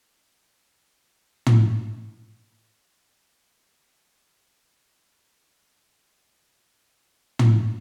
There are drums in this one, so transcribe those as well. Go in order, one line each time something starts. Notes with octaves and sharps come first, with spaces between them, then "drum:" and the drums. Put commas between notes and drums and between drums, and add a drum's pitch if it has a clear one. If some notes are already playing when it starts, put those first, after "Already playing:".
Already playing: D3 A#3 D4
drum: tom
A#2 G3 A#3 D4
F#3 B3 D#4
B2 F#3 B3 D4
drum: tom